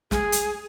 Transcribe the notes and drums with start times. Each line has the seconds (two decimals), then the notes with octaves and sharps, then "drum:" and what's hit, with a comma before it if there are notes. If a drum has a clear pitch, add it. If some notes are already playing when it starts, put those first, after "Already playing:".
0.11 G#4, drum: snare
0.32 drum: hi-hat